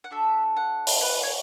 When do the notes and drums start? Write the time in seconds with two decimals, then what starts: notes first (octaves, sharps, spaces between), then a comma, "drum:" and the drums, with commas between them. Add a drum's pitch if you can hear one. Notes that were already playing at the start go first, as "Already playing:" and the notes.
0.04 F#5
0.11 D4 F#4 A4 E5
0.57 F#5
0.87 drum: open hi-hat
1.01 B4
1.23 C#5